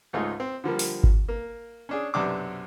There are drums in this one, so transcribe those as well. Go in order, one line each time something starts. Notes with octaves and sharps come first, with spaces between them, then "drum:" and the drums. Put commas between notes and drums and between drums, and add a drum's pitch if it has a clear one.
C#2 G#2 A3 D#4 F4 G#4
C4
D3 F3 G3 A#3
drum: open hi-hat
drum: kick G1
A#3
C#4 D4 G#4
B1 F#2 C3 D4 D6